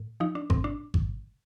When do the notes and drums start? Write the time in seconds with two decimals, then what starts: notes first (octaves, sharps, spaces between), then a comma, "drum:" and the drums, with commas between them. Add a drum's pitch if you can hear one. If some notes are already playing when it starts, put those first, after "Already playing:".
Already playing: A2
0.20 F3 D#4
0.35 D4
0.50 A2 C4, drum: kick G#1
0.64 D4
0.94 drum: kick G#1